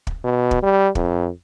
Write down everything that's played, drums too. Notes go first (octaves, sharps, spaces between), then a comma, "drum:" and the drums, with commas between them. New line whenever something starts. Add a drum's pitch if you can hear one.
drum: kick
B2
drum: kick
G3
F2, drum: kick